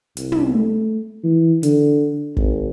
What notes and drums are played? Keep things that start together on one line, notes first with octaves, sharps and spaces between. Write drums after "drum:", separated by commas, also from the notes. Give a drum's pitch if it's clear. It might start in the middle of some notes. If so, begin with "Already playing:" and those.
C2, drum: hi-hat
drum: tom
A3
E3
D3, drum: hi-hat
G#1, drum: kick